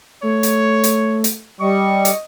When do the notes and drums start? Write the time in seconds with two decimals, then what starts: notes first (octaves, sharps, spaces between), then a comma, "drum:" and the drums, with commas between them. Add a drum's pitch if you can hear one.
0.23 A3 C#5
0.43 drum: hi-hat
0.84 drum: hi-hat
1.24 drum: hi-hat
1.61 G3 D#5 C#6
2.05 drum: hi-hat